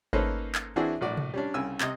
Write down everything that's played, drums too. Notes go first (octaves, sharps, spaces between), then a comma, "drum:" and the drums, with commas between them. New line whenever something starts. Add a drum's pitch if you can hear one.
A#3 C#4 D#4 A4 B4 C5, drum: kick G#1
drum: clap
E3 C4 D4 E4 F#4 G#4
A#1 A2 F#4 D5
drum: tom C3
G3 C#4 D4
C2 C#3 G#5 E6
C3 D#5, drum: clap